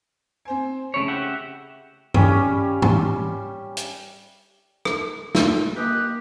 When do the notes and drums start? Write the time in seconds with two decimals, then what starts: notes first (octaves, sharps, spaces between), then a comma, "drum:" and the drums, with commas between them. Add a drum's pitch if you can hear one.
0.45 C4 C5 G#5
0.94 C#3 A3 E4 C#5 A#6
1.08 G4 E5 F#5
2.14 G3 C#4 F5, drum: tom G2
2.82 drum: tom
3.77 drum: hi-hat
4.85 drum: rim click
5.35 A#2 F4, drum: snare
5.76 A#3 G4 B4 D#5 D#6 F#6